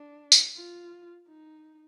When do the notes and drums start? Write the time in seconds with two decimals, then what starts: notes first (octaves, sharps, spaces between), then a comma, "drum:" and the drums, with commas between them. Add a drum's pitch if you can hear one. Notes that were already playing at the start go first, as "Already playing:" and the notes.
Already playing: D4
0.32 drum: tambourine
0.55 F4
1.28 D#4